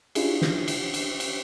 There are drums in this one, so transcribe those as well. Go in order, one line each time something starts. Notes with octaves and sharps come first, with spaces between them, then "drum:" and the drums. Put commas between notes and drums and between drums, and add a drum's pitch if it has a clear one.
C#4 D4 E4 F4 G4 G#4, drum: cymbal
drum: snare
drum: cymbal
drum: cymbal
drum: cymbal